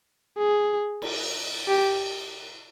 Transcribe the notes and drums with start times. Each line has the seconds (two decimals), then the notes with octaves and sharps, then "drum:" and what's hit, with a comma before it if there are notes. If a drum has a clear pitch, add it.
0.38 G#4
1.02 drum: cymbal
1.68 G4